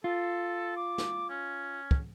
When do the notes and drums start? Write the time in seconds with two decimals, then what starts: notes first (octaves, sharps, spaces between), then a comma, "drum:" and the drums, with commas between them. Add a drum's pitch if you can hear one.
0.04 F4 A4
0.76 D6
0.98 drum: snare
1.29 C#4
1.91 drum: kick